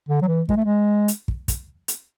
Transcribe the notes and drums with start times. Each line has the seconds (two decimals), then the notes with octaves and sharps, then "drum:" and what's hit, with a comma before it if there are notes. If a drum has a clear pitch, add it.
0.09 D3
0.22 F#3
0.28 E3
0.49 G#3, drum: kick
0.57 A3
0.65 G#3
1.08 drum: hi-hat
1.28 drum: kick
1.48 drum: kick, hi-hat
1.88 drum: hi-hat